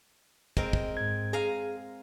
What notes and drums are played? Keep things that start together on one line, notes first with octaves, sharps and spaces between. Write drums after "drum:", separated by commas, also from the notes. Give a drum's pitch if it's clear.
G#3 C4 A#4, drum: kick
drum: kick
G#2 G#6
G#4 F5 G#5 A#5